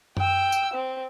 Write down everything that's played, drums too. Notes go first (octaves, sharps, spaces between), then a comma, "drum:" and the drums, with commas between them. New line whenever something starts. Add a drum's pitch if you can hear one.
G5 E6, drum: tom F#2
drum: tambourine
C4